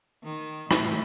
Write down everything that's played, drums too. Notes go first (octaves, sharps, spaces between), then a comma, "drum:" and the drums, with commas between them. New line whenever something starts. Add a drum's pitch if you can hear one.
D#3
A2, drum: rim click